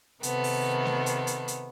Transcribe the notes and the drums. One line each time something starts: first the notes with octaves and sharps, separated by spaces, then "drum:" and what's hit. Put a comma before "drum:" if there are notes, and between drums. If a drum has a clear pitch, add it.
C3 D#3 B3 A4, drum: hi-hat
drum: open hi-hat
drum: snare A3
drum: hi-hat
drum: hi-hat
drum: hi-hat